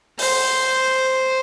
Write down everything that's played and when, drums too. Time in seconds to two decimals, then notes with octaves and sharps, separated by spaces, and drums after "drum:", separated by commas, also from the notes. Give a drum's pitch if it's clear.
0.19 C5, drum: open hi-hat